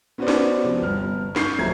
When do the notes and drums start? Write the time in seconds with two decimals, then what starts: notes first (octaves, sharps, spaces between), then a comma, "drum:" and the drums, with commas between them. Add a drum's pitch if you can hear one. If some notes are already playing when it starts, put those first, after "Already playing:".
0.18 B3 C#4 F#4 B4 C5 D5
0.28 drum: snare
0.64 C3 F3 B3
0.82 G1 F6
1.36 C#6 G6 C7, drum: snare
1.59 D1 F3 A3 E5 A#5 G#6